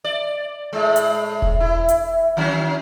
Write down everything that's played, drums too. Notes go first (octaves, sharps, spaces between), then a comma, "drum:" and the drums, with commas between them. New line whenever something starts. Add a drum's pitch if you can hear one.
D5
A2 G#3
drum: hi-hat
drum: kick E1
E4
drum: hi-hat
D#3 F#3 C#4